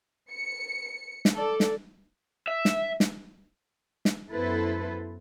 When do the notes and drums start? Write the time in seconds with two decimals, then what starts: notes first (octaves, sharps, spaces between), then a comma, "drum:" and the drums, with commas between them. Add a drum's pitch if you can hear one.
0.33 C#7
1.25 drum: snare
1.34 A4 D5
1.60 drum: snare
2.48 E5
2.65 drum: snare
3.00 drum: snare
4.05 drum: snare
4.33 F#2 B3 E4 A4 B4 C5